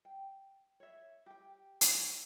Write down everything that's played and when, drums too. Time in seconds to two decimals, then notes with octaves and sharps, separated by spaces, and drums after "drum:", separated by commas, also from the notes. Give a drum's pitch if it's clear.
0.05 G5
0.80 C#5 E5
1.26 G4 G5
1.81 drum: hi-hat